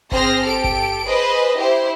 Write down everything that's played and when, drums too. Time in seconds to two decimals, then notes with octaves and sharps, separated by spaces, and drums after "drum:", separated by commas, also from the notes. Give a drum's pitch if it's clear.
0.12 C4 G#4 C5 F6 A#6, drum: kick G1
0.45 G4 A4 D7
0.64 drum: kick G1
1.06 G#4 B4 C5 D#5
1.58 E4 G4 C5